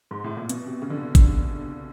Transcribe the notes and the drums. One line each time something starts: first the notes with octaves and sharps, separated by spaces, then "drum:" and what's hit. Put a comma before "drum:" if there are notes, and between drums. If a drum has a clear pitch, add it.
G#2
A2
A#2
B2, drum: hi-hat
C3
C#3
D3
drum: kick G#1, hi-hat